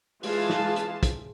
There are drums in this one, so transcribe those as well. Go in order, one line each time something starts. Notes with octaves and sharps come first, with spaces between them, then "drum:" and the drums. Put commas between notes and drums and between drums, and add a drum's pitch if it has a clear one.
E3 G#3 F4 G#4 F5 A5, drum: open hi-hat
drum: snare
drum: hi-hat
drum: kick, hi-hat